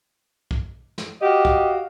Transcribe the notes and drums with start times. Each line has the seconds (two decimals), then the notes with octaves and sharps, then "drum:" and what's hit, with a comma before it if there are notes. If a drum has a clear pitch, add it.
0.51 drum: kick B1
0.98 drum: snare
1.21 F#4 G4 D#5 F5
1.45 drum: kick B1